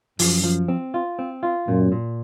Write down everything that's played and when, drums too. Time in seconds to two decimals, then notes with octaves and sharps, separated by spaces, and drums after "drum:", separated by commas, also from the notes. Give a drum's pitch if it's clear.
0.19 F#2 F3, drum: open hi-hat
0.44 F3
0.68 C4
0.94 F4
1.19 C4
1.43 F4
1.68 F#2 A#2
1.92 A#2